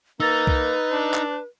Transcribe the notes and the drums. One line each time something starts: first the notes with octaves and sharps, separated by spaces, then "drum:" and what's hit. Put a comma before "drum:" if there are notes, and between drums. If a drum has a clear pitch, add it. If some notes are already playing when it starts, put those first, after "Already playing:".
A#3 D#4 B4 E6 A6
drum: kick C2
D4
drum: clap